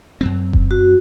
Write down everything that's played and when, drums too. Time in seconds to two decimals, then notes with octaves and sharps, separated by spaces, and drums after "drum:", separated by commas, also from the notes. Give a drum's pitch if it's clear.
0.21 F#2 F#3 C4
0.53 drum: kick F1
0.71 F#4